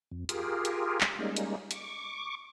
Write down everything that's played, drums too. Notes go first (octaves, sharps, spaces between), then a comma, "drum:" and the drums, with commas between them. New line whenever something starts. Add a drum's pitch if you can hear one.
F2
F4 G4 G#4 A#4, drum: hi-hat
drum: hi-hat
drum: clap
G3 G#3 A#3 C#4 D#4
drum: hi-hat
C#6 D6, drum: hi-hat